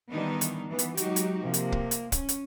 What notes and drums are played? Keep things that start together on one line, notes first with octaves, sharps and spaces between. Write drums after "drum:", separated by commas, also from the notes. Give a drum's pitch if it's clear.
D#3 E3 G3 B3 D4 D#4
drum: hi-hat
E3 B3
drum: hi-hat
F#3 G#3 D#4 F#4 G4, drum: hi-hat
drum: hi-hat
C3 F3 A#3
drum: hi-hat
drum: kick
drum: hi-hat
C#4, drum: kick, hi-hat
drum: hi-hat